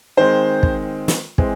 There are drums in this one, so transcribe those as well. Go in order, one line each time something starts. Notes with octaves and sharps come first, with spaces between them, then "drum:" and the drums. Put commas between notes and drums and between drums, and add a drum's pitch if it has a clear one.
D#3 G#3 C4 C5
drum: kick
drum: snare
E3 G#3 C4, drum: kick